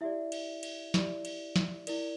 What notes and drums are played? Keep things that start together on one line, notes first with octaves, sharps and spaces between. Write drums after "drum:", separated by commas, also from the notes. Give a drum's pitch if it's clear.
E4 G4 D5 E5
drum: cymbal
drum: cymbal
E4 G4 D5, drum: snare
drum: cymbal
drum: snare
E4 A#4 D5, drum: cymbal